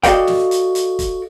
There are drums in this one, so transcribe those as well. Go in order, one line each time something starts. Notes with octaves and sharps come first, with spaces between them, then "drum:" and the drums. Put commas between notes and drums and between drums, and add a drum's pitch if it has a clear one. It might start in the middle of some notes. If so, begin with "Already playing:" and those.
F#4 A4 D5 D#5 F5 G5, drum: kick, hi-hat
drum: snare
drum: hi-hat
drum: hi-hat
drum: kick, hi-hat